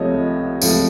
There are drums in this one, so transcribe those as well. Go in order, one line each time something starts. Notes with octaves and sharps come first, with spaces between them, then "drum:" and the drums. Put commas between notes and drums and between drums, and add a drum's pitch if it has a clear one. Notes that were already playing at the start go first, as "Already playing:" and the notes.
Already playing: C#2 C3 F3 A3 C#5 D#5
C#2 C3 F3 A3, drum: tambourine